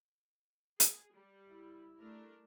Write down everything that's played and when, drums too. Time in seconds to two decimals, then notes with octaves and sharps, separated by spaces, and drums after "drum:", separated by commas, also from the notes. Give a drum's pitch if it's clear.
0.80 G#4, drum: hi-hat
1.13 G3
1.50 E4
1.98 A3 D4 A#4